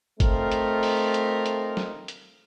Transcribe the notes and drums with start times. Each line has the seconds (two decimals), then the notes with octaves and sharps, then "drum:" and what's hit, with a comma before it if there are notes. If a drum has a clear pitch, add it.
0.20 A3 C4 D#4 F4 A#4, drum: kick G1, hi-hat
0.52 drum: hi-hat
0.83 drum: open hi-hat
1.14 drum: hi-hat
1.46 drum: hi-hat
1.77 drum: snare
2.08 drum: hi-hat